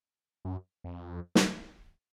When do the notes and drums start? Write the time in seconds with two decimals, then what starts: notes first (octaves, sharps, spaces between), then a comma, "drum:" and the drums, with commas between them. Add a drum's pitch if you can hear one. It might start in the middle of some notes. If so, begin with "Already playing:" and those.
0.45 F#2
0.84 F2
1.35 drum: snare